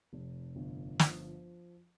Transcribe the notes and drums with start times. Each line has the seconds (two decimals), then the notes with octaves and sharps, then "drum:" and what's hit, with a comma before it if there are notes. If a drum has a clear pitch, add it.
0.13 F1
0.56 G1
0.99 F3, drum: snare